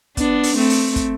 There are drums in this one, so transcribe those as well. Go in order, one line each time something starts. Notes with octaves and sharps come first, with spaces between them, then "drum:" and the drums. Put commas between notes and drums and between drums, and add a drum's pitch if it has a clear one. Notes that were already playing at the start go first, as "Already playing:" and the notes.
B3 D4, drum: kick, hi-hat
drum: open hi-hat
A3 C4
drum: open hi-hat
drum: kick, hi-hat